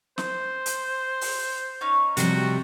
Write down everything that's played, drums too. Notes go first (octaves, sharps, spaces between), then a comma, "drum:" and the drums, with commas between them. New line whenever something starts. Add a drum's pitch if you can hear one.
C5, drum: snare
drum: hi-hat
drum: open hi-hat
C#4 D#4 C#5
C3 F3 G3 F#4, drum: hi-hat